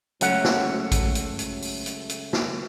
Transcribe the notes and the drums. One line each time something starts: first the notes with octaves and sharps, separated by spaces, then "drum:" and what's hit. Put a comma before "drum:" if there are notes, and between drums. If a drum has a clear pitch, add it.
C#2 F#3 A3 C#4 F#5, drum: hi-hat
drum: snare
drum: kick, hi-hat
drum: hi-hat
drum: hi-hat
drum: open hi-hat
drum: hi-hat
drum: hi-hat
drum: snare